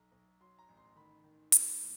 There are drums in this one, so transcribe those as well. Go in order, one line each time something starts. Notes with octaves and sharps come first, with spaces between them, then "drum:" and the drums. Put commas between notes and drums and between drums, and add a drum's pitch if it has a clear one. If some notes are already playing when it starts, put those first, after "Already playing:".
Already playing: B1 A#5
B1
F#3 C6
A#5
A1
C6
D#3 B5
D#3
A#3, drum: hi-hat
A2